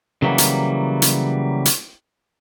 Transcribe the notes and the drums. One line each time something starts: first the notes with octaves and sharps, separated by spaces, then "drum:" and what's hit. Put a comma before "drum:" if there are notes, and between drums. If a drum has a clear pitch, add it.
C#3 E3 F#3 G3 A#3
drum: hi-hat
drum: hi-hat
drum: hi-hat